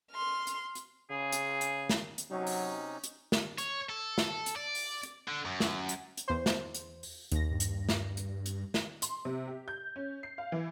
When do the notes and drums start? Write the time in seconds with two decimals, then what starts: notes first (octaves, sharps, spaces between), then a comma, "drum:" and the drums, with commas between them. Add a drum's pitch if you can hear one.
0.12 C6 F6
0.47 drum: hi-hat
0.75 drum: hi-hat
1.10 C#3 G#4
1.32 drum: hi-hat
1.61 drum: hi-hat
1.89 drum: snare
2.18 drum: hi-hat
2.30 C3 F#3 C#4 D#4
2.47 drum: open hi-hat
3.04 drum: hi-hat
3.32 drum: snare
3.58 C#5, drum: hi-hat
3.89 A4
4.18 drum: snare
4.46 drum: hi-hat
4.56 D5
4.75 drum: open hi-hat
5.03 drum: hi-hat
5.28 D3
5.45 F#2
5.60 drum: snare
5.89 drum: hi-hat
6.17 drum: hi-hat
6.28 E2 C5
6.46 drum: snare
6.74 drum: hi-hat
7.03 drum: open hi-hat
7.32 D#2 A#6, drum: hi-hat
7.51 G2
7.60 drum: hi-hat
7.89 drum: snare
8.17 drum: hi-hat
8.46 drum: hi-hat
8.74 drum: snare
9.02 C6, drum: hi-hat
9.25 C3
9.47 G4
9.68 G6
9.96 C#4
10.23 C7
10.38 F5
10.52 E3